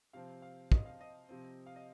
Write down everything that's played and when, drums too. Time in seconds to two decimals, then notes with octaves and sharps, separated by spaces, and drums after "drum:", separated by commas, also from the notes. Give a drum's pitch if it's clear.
0.13 C3 F3 C4 F5
0.42 F5
0.72 D#5, drum: kick
0.85 F5
1.01 D#5
1.29 C3 F3 C4
1.66 F5
1.76 D#5